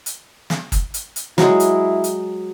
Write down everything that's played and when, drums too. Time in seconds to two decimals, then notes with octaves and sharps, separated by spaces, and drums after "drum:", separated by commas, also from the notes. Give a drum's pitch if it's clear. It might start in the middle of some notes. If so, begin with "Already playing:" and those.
0.06 drum: hi-hat
0.50 drum: snare
0.72 drum: kick, hi-hat
0.94 drum: hi-hat
1.16 drum: hi-hat
1.38 F#3 G#3 E4, drum: snare
1.60 drum: hi-hat
2.04 drum: hi-hat